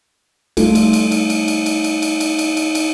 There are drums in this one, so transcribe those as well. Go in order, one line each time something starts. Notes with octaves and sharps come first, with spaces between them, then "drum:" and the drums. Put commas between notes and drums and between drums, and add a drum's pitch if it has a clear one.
G3 A3 D#4 F4 A4, drum: cymbal
drum: cymbal
drum: cymbal
drum: cymbal
drum: cymbal
drum: cymbal
drum: cymbal
drum: cymbal
drum: cymbal
drum: cymbal
drum: cymbal
drum: cymbal
drum: cymbal